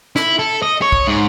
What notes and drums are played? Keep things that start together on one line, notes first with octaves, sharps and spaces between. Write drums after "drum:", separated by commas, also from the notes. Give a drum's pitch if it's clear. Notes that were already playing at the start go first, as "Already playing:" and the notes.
E4, drum: snare
A4
D#5
C#5
drum: kick
G#2